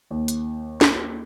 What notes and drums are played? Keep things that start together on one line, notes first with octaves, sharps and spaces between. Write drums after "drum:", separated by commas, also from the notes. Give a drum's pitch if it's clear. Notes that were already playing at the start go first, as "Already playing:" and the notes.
D#2
drum: hi-hat
drum: snare